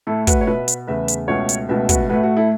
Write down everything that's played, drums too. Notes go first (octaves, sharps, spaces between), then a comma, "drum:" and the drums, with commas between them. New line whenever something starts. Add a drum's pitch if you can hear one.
A2 A3 E4 A4
F#4 B4, drum: kick, hi-hat
C#5
B2 B3 B4 E5
drum: hi-hat
E2 C#3 A3 B4 E5
drum: hi-hat
C#2 B2 A3 C#5 F#5
drum: hi-hat
C#2 B2 A3 B4 E5
F#4 B4, drum: kick, hi-hat
A2 A3 F#4 B4
F#4
E4 A4